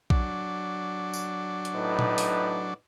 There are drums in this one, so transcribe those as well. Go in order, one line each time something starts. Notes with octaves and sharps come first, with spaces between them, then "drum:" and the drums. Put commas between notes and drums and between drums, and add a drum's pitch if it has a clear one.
F#3 D4, drum: kick A#1
drum: tambourine
drum: hi-hat
A2 D#4 B4
drum: tom A#2
drum: open hi-hat